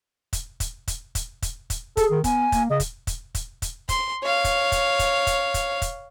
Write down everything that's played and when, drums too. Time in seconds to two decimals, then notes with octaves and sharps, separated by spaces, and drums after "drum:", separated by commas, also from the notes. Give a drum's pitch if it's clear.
0.33 drum: kick, hi-hat
0.60 drum: kick, hi-hat
0.88 drum: kick, hi-hat
1.15 drum: kick, hi-hat
1.42 drum: kick, hi-hat
1.70 drum: kick, hi-hat
1.97 G#4 A4, drum: kick, hi-hat
2.11 D#3
2.24 B3 G#5, drum: kick, hi-hat
2.52 A#3, drum: kick, hi-hat
2.70 C#3 D#5
2.80 drum: kick, hi-hat
3.07 drum: kick, hi-hat
3.35 drum: kick, hi-hat
3.62 drum: kick, hi-hat
3.89 C6, drum: kick, hi-hat
4.23 C#5 F5
4.44 drum: kick, hi-hat
4.72 drum: kick, hi-hat
4.99 drum: kick, hi-hat
5.27 drum: kick, hi-hat
5.54 drum: kick, hi-hat
5.82 drum: kick, hi-hat